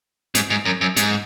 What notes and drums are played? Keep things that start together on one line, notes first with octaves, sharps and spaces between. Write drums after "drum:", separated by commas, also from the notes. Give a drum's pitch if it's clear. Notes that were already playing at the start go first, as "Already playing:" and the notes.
G#2, drum: hi-hat
G#2
F#2
F#2
G#2, drum: hi-hat